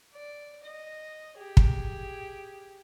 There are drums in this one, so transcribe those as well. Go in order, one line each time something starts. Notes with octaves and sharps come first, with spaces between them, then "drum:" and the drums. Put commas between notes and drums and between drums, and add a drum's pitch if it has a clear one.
D5
D#5
G4 G#4
drum: kick